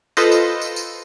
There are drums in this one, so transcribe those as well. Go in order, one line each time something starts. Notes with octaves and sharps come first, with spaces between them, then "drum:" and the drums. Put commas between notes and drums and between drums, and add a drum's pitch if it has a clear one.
F4 A4 B4 C5 D#5, drum: tambourine
drum: tambourine
drum: tambourine
drum: tambourine